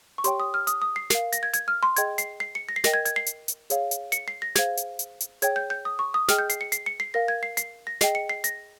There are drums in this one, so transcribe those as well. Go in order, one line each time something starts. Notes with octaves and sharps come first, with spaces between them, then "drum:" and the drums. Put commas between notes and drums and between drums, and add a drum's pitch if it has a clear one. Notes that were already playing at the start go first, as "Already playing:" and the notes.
C#6
G4 C#5 G5 C6, drum: hi-hat
D#6
F6
D#6, drum: hi-hat
D#6
C7
A#4 F5 C7, drum: snare
A#6, drum: hi-hat
G#6
G#6, drum: hi-hat
F6
C6
G#4 D#5 G5 G#6, drum: hi-hat
C7, drum: hi-hat
C7
C#7
A#6
C7
A#4 D#5 G5 A#6, drum: snare
G#6
G#6, drum: hi-hat
C7
drum: hi-hat
drum: hi-hat
G#4 C#5 F5, drum: hi-hat
drum: hi-hat
C#7, drum: hi-hat
C7
A#6
G#4 C5 F5 G#6, drum: snare
drum: hi-hat
drum: hi-hat
drum: hi-hat
G#4 C#5 G5 G#6, drum: hi-hat
G6
G6
D#6
C#6
D#6
G#4 D#5 G5 F6, drum: snare
G6
C7, drum: hi-hat
C#7
C7, drum: hi-hat
C#7
C7
A#4 F5 A#6
G#6
C7
C7, drum: hi-hat
A#6
G#4 D#5 G5 C7, drum: snare
C#7
C7
A#6, drum: hi-hat